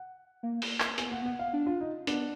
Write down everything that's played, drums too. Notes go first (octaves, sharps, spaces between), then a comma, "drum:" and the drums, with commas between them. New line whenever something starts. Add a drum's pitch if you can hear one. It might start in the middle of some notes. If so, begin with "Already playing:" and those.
Already playing: F#5
A#3
drum: open hi-hat
drum: clap
B3 G#5, drum: hi-hat
A#3 F#5
B3 F#5
F5
D4
F4
D#4
B3 D4, drum: hi-hat